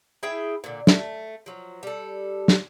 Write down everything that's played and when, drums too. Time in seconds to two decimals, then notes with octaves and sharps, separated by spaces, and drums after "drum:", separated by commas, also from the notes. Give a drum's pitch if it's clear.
0.23 E4 G#4 E5 G5
0.64 A#2 D3
0.87 A3, drum: snare
1.46 F3 F#3
1.83 G3 A4
2.48 drum: snare